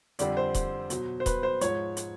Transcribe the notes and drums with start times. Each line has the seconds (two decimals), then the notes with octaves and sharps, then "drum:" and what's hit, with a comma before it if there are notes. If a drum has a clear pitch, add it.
0.19 F2 D3 G3 D5, drum: hi-hat
0.37 C5
0.54 drum: kick D#1, hi-hat
0.90 B2 F#3, drum: hi-hat
1.20 C5
1.26 B4, drum: kick D#1, hi-hat
1.43 C5
1.61 G#2 F3 C#5, drum: hi-hat
1.97 drum: hi-hat